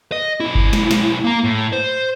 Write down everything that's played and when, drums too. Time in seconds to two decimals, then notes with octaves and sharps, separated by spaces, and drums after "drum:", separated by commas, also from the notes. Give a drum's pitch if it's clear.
0.12 D#5
0.40 B1 E4
0.55 drum: kick G1
0.73 drum: snare
0.91 drum: snare
1.24 A#3 A#5
1.44 A2
1.73 C5